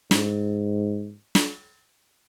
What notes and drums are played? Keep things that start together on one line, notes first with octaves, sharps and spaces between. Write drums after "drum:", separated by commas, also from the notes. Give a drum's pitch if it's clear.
G#2, drum: snare
drum: snare